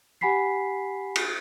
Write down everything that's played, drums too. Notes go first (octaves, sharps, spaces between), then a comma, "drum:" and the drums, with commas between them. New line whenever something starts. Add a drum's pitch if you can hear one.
G4 F#5 G#5 B5 B6 C7
drum: cymbal